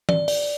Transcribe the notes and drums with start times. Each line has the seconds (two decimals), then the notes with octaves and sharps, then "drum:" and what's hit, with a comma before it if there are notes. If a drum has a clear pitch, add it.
0.09 D5, drum: tom E3
0.28 D5, drum: open hi-hat